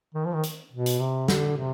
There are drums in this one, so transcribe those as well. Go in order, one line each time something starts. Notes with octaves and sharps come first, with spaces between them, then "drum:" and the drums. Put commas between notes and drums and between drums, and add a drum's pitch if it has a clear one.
D#3
F3
D#3
drum: hi-hat
B2
drum: hi-hat
C3
D3, drum: snare
C3